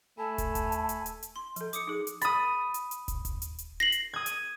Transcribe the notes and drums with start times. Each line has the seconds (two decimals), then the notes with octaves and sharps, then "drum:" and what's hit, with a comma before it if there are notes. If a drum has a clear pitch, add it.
0.18 A3 A4 G#5 A5 B5
0.38 drum: kick, hi-hat
0.55 drum: kick, hi-hat
0.72 drum: hi-hat
0.89 drum: hi-hat
1.06 drum: hi-hat
1.23 drum: hi-hat
1.36 C6
1.56 F3 A4, drum: hi-hat
1.73 D6 D#6 C#7, drum: hi-hat
1.88 D#4 G#4
2.07 drum: hi-hat
2.22 B5 D#6 A6, drum: hi-hat
2.74 drum: hi-hat
2.91 drum: hi-hat
3.08 drum: kick, hi-hat
3.25 drum: kick, hi-hat
3.42 drum: hi-hat
3.58 drum: hi-hat
3.80 A#6 C7 F#7
3.92 drum: hi-hat
4.13 D#6 G#6
4.26 drum: hi-hat